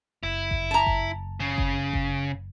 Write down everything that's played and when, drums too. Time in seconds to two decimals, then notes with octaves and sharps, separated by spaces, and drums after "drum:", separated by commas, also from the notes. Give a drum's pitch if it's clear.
0.23 F#1 E4
0.51 drum: kick G1
0.71 A5 A#5
0.87 drum: kick G1
1.40 C#3
1.58 drum: kick G1
1.93 drum: kick G1